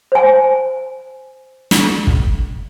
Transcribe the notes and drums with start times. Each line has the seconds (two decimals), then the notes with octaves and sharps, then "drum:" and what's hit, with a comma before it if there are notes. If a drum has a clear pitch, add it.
0.12 C5 G#5
1.71 drum: snare
2.07 drum: kick